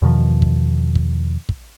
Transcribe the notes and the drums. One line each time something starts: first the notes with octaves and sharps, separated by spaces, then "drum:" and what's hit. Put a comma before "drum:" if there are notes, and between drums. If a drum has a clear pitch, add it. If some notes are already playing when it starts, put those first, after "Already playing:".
E2 B2 D#3 F3
drum: kick
drum: kick
drum: kick